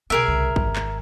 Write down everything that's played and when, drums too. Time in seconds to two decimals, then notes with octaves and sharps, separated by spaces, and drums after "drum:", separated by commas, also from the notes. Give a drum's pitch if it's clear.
0.10 B2 D3 G#4 A#4 E5
0.27 C2 C#3
0.56 G#1 D#3, drum: kick A1
0.76 drum: clap